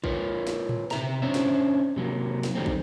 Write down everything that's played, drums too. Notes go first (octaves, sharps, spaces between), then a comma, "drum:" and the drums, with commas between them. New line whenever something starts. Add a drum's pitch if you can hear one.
F4 A#4 B4 C#5, drum: kick
drum: snare
drum: tom A2
C3 E5 A#5, drum: snare
C#4 D4 C5 C#5 E5
drum: snare
C3 F#3 A#3
drum: snare
D#3 E3 F#3 G3 A3 C4
drum: kick